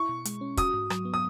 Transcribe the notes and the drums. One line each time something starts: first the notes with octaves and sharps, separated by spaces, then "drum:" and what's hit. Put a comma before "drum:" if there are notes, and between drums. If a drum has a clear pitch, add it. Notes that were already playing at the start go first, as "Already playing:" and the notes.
Already playing: E4 C#6
B2
G#3, drum: hi-hat
C#4
F#4 D#6, drum: kick, hi-hat
G#2
F#3, drum: rim click
B3
D#6